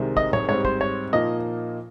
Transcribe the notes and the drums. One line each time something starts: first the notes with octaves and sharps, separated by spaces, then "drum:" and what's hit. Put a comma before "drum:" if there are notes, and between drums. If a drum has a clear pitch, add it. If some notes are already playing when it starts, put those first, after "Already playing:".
Already playing: C2 C3 D#3 G#3 C4
D#5, drum: kick
C#5, drum: tom A2
G#2 G3 C4 C#5
C5, drum: kick
C#5
A#2 F3 A#3 D#4 D#5